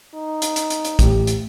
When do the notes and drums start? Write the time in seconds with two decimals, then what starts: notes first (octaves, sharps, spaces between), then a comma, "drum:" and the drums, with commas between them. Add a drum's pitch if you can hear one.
0.15 D#4
0.42 drum: hi-hat
0.56 drum: hi-hat
0.70 drum: hi-hat
0.85 drum: hi-hat
0.99 A1 A2 G4, drum: kick, hi-hat
1.27 drum: hi-hat